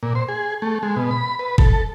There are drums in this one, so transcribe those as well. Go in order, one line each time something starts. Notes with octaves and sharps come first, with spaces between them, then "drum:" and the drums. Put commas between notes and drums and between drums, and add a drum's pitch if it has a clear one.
A#2
C5
G#4
A3
G#3
B2
B5
B4
A4, drum: kick G1